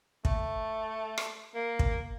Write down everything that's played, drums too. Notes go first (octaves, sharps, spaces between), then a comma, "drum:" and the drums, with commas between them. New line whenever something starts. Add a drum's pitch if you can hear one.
A3, drum: kick
drum: rim click
A#3
drum: kick